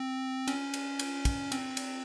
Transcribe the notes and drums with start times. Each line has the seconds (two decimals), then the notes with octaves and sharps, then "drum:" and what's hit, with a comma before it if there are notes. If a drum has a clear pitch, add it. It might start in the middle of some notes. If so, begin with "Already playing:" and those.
Already playing: C4
0.48 C#4, drum: cymbal
0.74 drum: cymbal
0.99 drum: cymbal
1.25 drum: kick, cymbal
1.52 C4, drum: cymbal
1.77 drum: cymbal